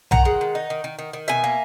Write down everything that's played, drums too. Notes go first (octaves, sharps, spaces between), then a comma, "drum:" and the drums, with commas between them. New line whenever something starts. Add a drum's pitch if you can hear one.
D#3 F#5 A#5, drum: tom B1
G#3
D#3
D#4
D#3
D#3
D#3
D#3
B2 E5 G#5
A#3